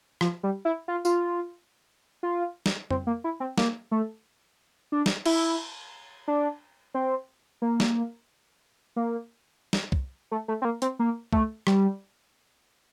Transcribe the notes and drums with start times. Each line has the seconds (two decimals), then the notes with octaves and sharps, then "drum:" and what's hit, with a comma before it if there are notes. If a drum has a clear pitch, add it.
0.21 F3, drum: rim click
0.43 G3
0.65 E4
0.88 F4
1.05 F4, drum: tambourine
2.23 F4
2.66 drum: snare
2.90 C4, drum: tom F2
3.07 A#3
3.24 E4
3.40 C4
3.58 A#3, drum: snare
3.91 A3
4.92 D4
5.06 drum: snare
5.26 E4, drum: cymbal
6.28 D4
6.94 C4
7.62 A#3
7.80 drum: snare
8.96 A#3
9.73 drum: snare
9.92 drum: kick
10.31 A3
10.48 A3
10.62 C4
10.65 A#3
10.82 C4, drum: hi-hat
10.99 A#3
11.33 A3, drum: kick
11.67 G3, drum: rim click